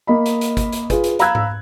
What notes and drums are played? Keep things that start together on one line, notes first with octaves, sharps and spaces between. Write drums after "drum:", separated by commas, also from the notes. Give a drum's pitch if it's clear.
A#3 D#5 B5
drum: hi-hat
drum: hi-hat
drum: kick, hi-hat
drum: hi-hat
F4 G#4 B4, drum: kick, hi-hat
drum: hi-hat
F5 A#5 B5 E6 F#6 G#6, drum: hi-hat
drum: tom G#2